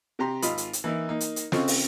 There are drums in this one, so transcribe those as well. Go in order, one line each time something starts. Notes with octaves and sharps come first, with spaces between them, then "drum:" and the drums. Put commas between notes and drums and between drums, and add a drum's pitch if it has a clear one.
C3 G4 A#5 C6
G#1 F4 D#5 B5, drum: hi-hat
drum: hi-hat
drum: hi-hat
E3 A#3 D#4 E4
A#3 D#4
drum: hi-hat
drum: hi-hat
C#3 C4 F4 A4 D#5 C#6, drum: snare
drum: open hi-hat